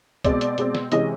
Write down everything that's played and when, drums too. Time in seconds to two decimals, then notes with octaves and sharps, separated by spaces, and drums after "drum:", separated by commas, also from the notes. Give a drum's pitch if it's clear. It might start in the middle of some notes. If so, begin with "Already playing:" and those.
0.24 B2 G#3 C4 D5, drum: kick, hi-hat
0.41 drum: hi-hat
0.58 B2 G#3 C4, drum: hi-hat
0.75 drum: snare
0.92 C3 E3 G#3 C#4 D#5, drum: hi-hat